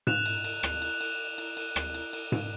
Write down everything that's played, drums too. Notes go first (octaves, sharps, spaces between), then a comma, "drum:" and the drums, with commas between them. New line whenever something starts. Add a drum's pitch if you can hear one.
F#6 E7 F7, drum: tom G#2
drum: cymbal
drum: cymbal
drum: rim click
drum: cymbal
drum: cymbal
drum: cymbal
drum: cymbal
drum: rim click
drum: cymbal
drum: cymbal
drum: tom G#2